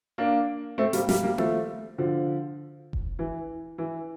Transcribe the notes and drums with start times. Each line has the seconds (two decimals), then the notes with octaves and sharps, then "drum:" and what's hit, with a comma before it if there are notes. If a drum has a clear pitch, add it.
0.18 A#3 D4
0.78 A3 C4
0.93 G3 A#3, drum: hi-hat
1.09 G3 A#3, drum: snare
1.23 G3 A#3
1.38 F3 A3, drum: tom A#3
1.98 D3 F3
2.93 drum: kick F1
3.19 E3
3.78 E3